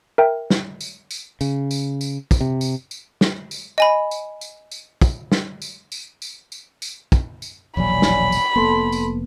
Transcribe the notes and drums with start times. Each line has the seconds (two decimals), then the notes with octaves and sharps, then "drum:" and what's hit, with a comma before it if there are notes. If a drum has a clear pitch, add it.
0.18 A#4 E5 G5
0.50 drum: snare
0.81 drum: tambourine
1.11 drum: tambourine
1.41 C#3, drum: tambourine
1.71 drum: tambourine
2.01 drum: tambourine
2.31 drum: kick, tambourine
2.41 C3
2.61 drum: tambourine
2.91 drum: tambourine
3.21 drum: snare
3.51 drum: tambourine
3.78 D#5 G#5 B5
4.11 drum: tambourine
4.41 drum: tambourine
4.71 drum: tambourine
5.02 drum: kick, tambourine
5.32 drum: snare
5.62 drum: tambourine
5.92 drum: tambourine
6.22 drum: tambourine
6.52 drum: tambourine
6.82 drum: tambourine
7.12 drum: kick, tambourine
7.42 drum: tambourine
7.77 E1 A#1 F#3 C#5 D5 G#5 B5
8.02 drum: snare
8.32 drum: tambourine
8.56 F1 A#3 B3 A4 A5 C6
8.92 drum: tambourine